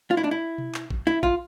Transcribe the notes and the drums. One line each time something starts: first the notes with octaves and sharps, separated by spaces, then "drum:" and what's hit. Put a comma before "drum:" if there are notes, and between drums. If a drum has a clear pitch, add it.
F4
E4
D4
E4
drum: tom B2
drum: clap
drum: kick
E4
F4, drum: kick